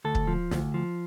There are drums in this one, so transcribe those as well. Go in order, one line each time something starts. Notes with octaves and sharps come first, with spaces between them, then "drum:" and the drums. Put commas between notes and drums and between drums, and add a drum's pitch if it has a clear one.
D2 A4
drum: kick
F3
D2, drum: snare
F3